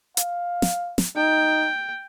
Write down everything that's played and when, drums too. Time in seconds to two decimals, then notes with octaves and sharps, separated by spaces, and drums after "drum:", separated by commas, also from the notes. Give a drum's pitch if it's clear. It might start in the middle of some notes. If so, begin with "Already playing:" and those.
0.17 F5, drum: hi-hat
0.62 drum: snare
0.98 drum: snare
1.16 D#4 G5